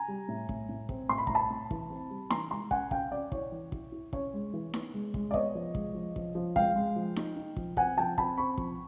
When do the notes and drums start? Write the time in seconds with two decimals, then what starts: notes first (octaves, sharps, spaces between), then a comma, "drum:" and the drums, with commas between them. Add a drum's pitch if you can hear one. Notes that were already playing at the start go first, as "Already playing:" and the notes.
Already playing: G#5 A#5
0.08 G3
0.28 A2
0.49 A2, drum: kick
0.69 A2
0.89 C4, drum: kick
1.09 A2 C6
1.18 B5
1.27 A2 A#5, drum: kick
1.35 A5 B5
1.50 A2
1.71 E3, drum: kick
1.90 C4
2.10 G3
2.30 E3 A#5 C6, drum: snare D#4
2.51 G#3 A#5 C6
2.71 C#4 F#5 G#5, drum: kick
2.91 C#4 F5 G5, drum: kick
3.11 C#4 D5
3.32 E4 C#5, drum: kick
3.52 E3
3.72 E4, drum: kick
3.92 E4
4.13 C#4 C#5, drum: kick
4.34 G#3
4.53 E3
4.74 B3, drum: snare D#4
4.94 G#3
5.14 G#3, drum: kick
5.31 D5
5.34 B3 C#5 D#5, drum: kick
5.55 F3
5.75 G#3, drum: kick
5.94 F3
6.16 F3, drum: kick
6.35 F3
6.56 G#3 F5 G5, drum: kick
6.76 G#3
6.96 F3
7.16 D#4, drum: snare D#4
7.36 D#4
7.57 F3, drum: kick
7.77 C4 F#5 G#5, drum: kick
7.98 F3 G5 A5
8.18 C4 A5 B5, drum: kick
8.38 C4 B5 C#6
8.58 F3, drum: kick